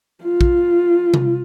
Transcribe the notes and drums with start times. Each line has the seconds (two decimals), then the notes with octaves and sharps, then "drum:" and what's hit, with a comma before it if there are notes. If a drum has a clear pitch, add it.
0.24 F4
0.41 drum: kick
1.14 drum: tom C3